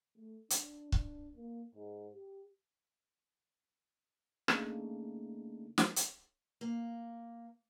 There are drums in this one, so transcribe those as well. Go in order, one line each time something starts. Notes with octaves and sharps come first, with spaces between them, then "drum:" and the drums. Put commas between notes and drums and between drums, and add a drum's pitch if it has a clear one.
A3
D4, drum: hi-hat
D4, drum: kick C#1
A#3
G#2
G4
C#3 A3 A#3 D4 D#4, drum: rim click
drum: snare
drum: hi-hat
A#3